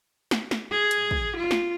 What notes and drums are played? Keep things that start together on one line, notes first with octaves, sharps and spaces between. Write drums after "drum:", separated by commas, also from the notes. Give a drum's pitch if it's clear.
drum: snare
drum: snare
G#4
drum: hi-hat
drum: kick
F4
drum: snare